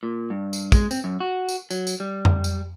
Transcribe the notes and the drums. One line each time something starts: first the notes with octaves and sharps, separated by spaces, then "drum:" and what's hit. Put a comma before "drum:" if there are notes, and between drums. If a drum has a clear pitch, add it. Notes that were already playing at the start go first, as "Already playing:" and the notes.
A#2
G2
drum: tambourine
G#3, drum: kick, tambourine
C4, drum: tambourine
F#2
F#4
drum: tambourine
F#3, drum: tambourine
drum: tambourine
G3
drum: tom F2
drum: tambourine